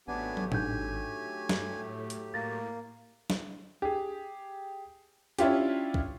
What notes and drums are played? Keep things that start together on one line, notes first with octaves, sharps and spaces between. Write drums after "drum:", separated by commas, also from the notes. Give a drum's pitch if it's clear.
G#1 F#3 A3 B3 D4 G4 G#5
drum: tom
D4 D#4 G#5 G6, drum: tom A2
G2, drum: snare
A2
drum: hi-hat
A2 A#3 A6 A#6
drum: snare
G4 G#4
C#4 D4 E4 F4 G4, drum: hi-hat
drum: kick C2